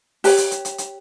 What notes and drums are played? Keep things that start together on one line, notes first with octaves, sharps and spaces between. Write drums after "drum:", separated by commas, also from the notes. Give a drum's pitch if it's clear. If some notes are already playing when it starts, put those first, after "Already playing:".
G4 B4 C#5 G5, drum: open hi-hat
drum: hi-hat
drum: hi-hat
drum: hi-hat
drum: hi-hat